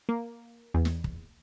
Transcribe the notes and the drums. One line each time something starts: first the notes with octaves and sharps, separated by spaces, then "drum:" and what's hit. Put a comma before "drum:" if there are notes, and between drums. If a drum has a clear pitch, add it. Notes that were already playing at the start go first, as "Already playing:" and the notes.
A#3
E2
drum: snare
drum: kick